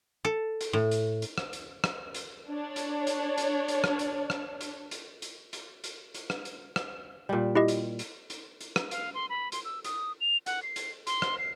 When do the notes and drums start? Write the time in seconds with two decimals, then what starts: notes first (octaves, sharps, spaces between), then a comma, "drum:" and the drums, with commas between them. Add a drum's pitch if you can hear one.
0.25 A4
0.61 drum: hi-hat
0.73 A2
0.91 drum: hi-hat
1.22 drum: hi-hat
1.38 drum: rim click
1.53 drum: hi-hat
1.84 drum: rim click
2.14 drum: hi-hat
2.48 D4 C#5
2.76 drum: hi-hat
3.07 drum: hi-hat
3.38 drum: hi-hat
3.68 drum: hi-hat
3.84 drum: rim click
3.99 drum: hi-hat
4.30 drum: rim click
4.61 drum: hi-hat
4.91 drum: hi-hat
5.22 drum: hi-hat
5.53 drum: hi-hat
5.84 drum: hi-hat
6.14 drum: hi-hat
6.30 drum: rim click
6.45 drum: hi-hat
6.76 drum: rim click
7.29 A#2 G3
7.55 E4 G4 D#5
7.68 drum: hi-hat
7.99 drum: hi-hat
8.30 drum: hi-hat
8.61 drum: hi-hat
8.76 drum: rim click
8.91 F5, drum: hi-hat
9.14 C6
9.29 B5
9.52 C6, drum: hi-hat
9.65 E6
9.84 D#6, drum: hi-hat
10.21 F7
10.46 F#5, drum: hi-hat
10.63 C7
10.76 drum: hi-hat
11.07 C6, drum: hi-hat
11.22 drum: rim click
11.38 C7